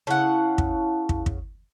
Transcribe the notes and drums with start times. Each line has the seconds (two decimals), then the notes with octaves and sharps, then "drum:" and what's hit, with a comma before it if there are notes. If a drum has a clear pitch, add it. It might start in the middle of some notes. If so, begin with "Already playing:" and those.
0.07 C#3 E4 F5 F#5 A5
0.58 drum: kick
1.09 drum: kick
1.26 drum: kick